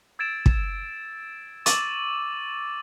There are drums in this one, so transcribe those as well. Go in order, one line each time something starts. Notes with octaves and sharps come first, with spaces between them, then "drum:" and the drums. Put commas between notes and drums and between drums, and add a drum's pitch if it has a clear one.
E6 G#6 A6 D7 E7
drum: kick
C#6 D6 E6 A6 D#7 F#7, drum: hi-hat